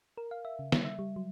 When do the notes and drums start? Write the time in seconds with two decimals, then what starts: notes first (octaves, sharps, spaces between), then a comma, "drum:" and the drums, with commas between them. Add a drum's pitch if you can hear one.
0.17 A#4
0.31 F5
0.45 E5
0.59 C#3
0.72 G3, drum: snare
0.85 E5
0.99 G3
1.16 F#3